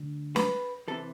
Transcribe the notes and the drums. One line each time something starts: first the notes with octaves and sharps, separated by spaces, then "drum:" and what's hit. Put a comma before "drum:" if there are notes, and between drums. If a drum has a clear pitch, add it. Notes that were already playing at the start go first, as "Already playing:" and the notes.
Already playing: D2 D3
B4, drum: snare
C3 E3 A4